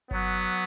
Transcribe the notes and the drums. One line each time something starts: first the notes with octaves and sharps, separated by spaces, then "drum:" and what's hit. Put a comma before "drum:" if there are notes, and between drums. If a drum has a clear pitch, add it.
F#3 B3, drum: kick G1